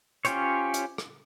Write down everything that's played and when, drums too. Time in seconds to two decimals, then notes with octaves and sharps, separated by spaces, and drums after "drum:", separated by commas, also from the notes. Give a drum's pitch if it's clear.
0.25 C#4 F4 G4 C5 C#5, drum: hi-hat
0.74 drum: hi-hat
0.98 drum: rim click